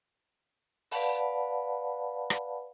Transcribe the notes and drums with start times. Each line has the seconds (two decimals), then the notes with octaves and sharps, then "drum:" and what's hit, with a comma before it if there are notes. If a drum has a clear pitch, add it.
0.91 B4 D5 F5 F#5 A5 B5, drum: open hi-hat
2.30 drum: rim click